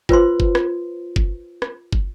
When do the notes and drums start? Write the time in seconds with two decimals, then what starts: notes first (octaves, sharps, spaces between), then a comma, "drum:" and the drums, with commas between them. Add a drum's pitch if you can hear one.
0.09 F4 B4 C5 C6, drum: kick
0.40 drum: kick
0.55 drum: rim click
1.16 drum: kick
1.62 drum: rim click
1.93 drum: kick